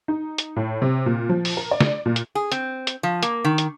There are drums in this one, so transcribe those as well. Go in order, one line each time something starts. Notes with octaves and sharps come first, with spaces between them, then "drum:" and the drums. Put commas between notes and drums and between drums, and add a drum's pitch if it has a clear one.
D#4
drum: hi-hat
A2
C3
A#2
F3
drum: open hi-hat
A#4
D5
drum: snare
A#2
drum: hi-hat
G#4
C4, drum: hi-hat
drum: hi-hat
F3
A#3, drum: hi-hat
D#3
drum: hi-hat